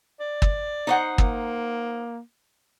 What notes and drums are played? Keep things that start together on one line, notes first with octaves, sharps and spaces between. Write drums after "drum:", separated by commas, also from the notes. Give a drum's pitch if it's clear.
D5
drum: kick
D#4 C5 F#5
A#3, drum: kick